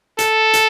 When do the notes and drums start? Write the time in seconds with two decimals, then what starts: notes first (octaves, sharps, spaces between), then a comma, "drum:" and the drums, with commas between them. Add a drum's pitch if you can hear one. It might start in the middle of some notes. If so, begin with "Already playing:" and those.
0.19 A4, drum: hi-hat
0.54 drum: hi-hat